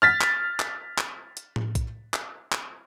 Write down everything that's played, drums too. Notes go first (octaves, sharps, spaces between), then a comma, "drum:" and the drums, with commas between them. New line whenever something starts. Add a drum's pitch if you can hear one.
F6 A6 B6
drum: clap
drum: clap
drum: clap
drum: hi-hat
drum: tom A2
drum: kick B1, hi-hat
drum: clap
drum: clap